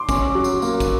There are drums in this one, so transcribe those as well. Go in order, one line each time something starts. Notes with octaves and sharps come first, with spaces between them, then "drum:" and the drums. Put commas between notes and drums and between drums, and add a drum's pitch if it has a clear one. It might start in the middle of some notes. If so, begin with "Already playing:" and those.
Already playing: C6 D6
C#4, drum: kick, tambourine
F#3
drum: tambourine
A#3, drum: tambourine
drum: kick, tambourine